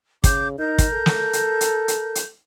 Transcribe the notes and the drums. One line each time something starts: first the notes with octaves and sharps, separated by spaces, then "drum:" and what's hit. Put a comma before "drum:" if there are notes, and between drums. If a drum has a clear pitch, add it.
C#3 D6 G6, drum: kick, hi-hat
D#4 A#4 G6
drum: kick, hi-hat
A4
drum: snare
drum: hi-hat
drum: hi-hat
drum: hi-hat
drum: hi-hat